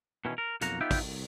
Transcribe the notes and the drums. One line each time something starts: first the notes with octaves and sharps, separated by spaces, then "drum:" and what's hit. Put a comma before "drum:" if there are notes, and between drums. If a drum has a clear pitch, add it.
B2 D#3 E3 C#4
A#4
B1 F2 A#3 F#4 A#5, drum: hi-hat
B3 D#4 F4 G4 E5 G5
drum: kick, open hi-hat
C2